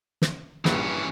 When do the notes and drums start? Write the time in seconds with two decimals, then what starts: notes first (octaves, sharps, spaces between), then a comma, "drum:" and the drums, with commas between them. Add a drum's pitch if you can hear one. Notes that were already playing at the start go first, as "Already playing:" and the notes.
0.22 drum: snare
0.65 A#1 G2 E3 C#4, drum: snare